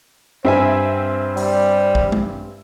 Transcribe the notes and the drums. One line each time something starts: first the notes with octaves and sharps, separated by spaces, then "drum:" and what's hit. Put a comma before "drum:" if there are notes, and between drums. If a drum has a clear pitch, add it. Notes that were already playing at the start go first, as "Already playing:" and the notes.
G2 C4 C5 E5 G#5
G3, drum: open hi-hat
drum: kick A1
drum: tom G#3